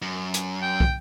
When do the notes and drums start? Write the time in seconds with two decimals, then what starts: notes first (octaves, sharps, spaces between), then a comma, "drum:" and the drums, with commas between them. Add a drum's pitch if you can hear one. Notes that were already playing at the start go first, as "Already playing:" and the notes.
0.02 F#2
0.34 drum: hi-hat
0.62 G5
0.80 drum: kick